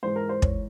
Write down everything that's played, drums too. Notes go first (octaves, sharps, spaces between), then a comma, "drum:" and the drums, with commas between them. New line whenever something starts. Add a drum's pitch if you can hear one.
G#2 E3 G#3 C5
A#4
C5
C#5, drum: kick